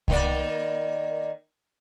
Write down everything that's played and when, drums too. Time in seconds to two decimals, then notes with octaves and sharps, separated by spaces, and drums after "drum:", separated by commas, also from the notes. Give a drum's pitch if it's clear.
0.08 D#3 A#3 D5, drum: kick C2